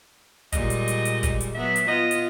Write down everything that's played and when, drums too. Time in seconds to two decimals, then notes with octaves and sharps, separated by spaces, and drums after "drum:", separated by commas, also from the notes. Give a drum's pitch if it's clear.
0.52 A#2 G3 G#3 D#5, drum: kick, hi-hat
0.70 drum: hi-hat
0.88 drum: hi-hat
1.05 drum: hi-hat
1.23 drum: kick, hi-hat
1.40 drum: hi-hat
1.55 F#3 B3 E5
1.76 drum: hi-hat
1.88 B3 F4 D#5
2.11 drum: hi-hat